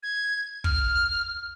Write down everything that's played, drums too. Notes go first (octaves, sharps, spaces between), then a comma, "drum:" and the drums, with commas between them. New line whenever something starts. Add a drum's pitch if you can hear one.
G#6
F6, drum: kick